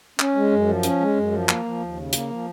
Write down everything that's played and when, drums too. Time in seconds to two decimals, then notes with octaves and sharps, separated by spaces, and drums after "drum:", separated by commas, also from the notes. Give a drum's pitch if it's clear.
0.19 C#4, drum: clap
0.35 G#3
0.52 F#2
0.68 F3
0.83 C#4, drum: hi-hat
1.00 G#3
1.16 F#2
1.32 F3
1.49 A#3, drum: clap
1.64 F3
1.81 D#2
1.97 C#3
2.13 A#3, drum: hi-hat
2.29 F3